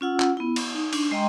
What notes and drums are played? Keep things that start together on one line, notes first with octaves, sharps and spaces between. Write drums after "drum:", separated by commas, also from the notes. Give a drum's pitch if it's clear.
C#4 F4 F#5 E6
drum: clap
B3 E4
drum: cymbal
D#4
D4, drum: cymbal
G#3 D#5 G5 A#5 C6